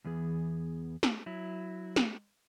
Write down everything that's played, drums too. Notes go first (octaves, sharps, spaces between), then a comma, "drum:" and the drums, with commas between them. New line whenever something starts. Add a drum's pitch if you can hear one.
E2 E3 B3 G#4
drum: snare
F#3 E4
drum: snare